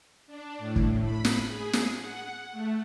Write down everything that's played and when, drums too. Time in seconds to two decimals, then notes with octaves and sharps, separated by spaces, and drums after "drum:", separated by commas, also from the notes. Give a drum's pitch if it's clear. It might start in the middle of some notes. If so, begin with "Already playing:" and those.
0.27 D4
0.58 A2
0.76 drum: kick
1.03 B5
1.25 drum: snare
1.47 G#4
1.73 drum: snare
1.96 F#5
2.52 A3